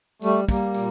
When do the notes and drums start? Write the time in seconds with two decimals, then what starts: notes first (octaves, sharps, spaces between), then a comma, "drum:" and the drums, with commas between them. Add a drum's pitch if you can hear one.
0.22 G3 A3, drum: tambourine
0.49 G3 A#3, drum: kick, tambourine
0.74 A#2, drum: tambourine